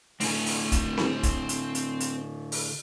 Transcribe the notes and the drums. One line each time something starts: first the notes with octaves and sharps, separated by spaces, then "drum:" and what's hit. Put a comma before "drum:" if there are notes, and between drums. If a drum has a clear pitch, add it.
A2 D3 C4 G#5, drum: open hi-hat
drum: open hi-hat
drum: kick, hi-hat
drum: snare C4
drum: kick, hi-hat
drum: hi-hat
drum: hi-hat
drum: hi-hat
drum: open hi-hat